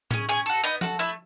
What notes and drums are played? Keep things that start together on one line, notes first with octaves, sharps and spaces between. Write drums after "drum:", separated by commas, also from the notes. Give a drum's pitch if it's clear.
C#4 G#4, drum: tom A2
C#4 G#4 G#5
F#4 A4
B3 D#4 D#5
F#4 A4, drum: tom F3
A3 E4 E5